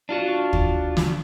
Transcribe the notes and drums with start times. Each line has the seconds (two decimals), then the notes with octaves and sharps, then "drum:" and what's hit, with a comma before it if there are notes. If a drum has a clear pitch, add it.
0.09 D4 F4 F#4
0.53 drum: kick
0.97 drum: snare